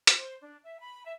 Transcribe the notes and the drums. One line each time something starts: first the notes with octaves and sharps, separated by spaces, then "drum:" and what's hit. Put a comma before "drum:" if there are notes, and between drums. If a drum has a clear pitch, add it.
drum: hi-hat
C5
D4
E5
B5
E5